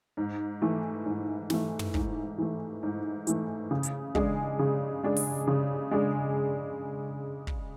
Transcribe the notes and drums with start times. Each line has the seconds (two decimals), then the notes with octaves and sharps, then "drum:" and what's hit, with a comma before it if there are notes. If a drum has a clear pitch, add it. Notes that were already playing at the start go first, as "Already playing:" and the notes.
0.17 G#2
0.62 E3 A3
1.06 G#2
1.50 E3 A3, drum: snare
1.79 drum: tom
1.94 G#2, drum: kick
2.38 E3 A3
2.83 G#2
3.27 E3 A3, drum: hi-hat
3.71 C#3
3.83 drum: hi-hat
4.15 G#3 D4 G#4, drum: kick
4.59 C#3
5.03 G#3 D4 G#4
5.17 drum: open hi-hat
5.47 C#3
5.91 G#3 D4 G#4
7.47 drum: kick